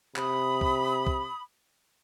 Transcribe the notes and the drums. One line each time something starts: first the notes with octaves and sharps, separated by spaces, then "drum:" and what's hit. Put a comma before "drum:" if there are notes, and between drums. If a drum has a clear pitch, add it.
C3 B5 D#6, drum: clap
drum: kick
drum: kick